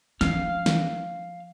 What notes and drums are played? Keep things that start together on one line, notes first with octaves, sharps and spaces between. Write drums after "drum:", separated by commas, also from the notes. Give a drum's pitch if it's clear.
F3 C#4 F5 F6, drum: snare
drum: snare